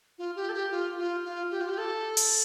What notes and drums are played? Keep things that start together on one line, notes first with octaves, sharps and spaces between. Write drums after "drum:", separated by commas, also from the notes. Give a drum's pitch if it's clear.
F4
G4
A4
G4
F4
F4
F4
G4
F4
G4
A4
drum: open hi-hat